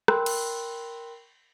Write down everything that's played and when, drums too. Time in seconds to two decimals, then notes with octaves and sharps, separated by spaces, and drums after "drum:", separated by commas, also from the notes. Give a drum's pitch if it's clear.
0.08 A#4 G5 B5 C6 E6 F#6, drum: rim click
0.26 drum: cymbal